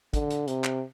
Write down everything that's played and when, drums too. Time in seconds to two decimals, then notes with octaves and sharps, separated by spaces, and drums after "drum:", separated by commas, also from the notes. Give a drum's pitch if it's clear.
0.14 D3, drum: kick, hi-hat
0.31 drum: hi-hat
0.48 C3, drum: hi-hat
0.64 drum: clap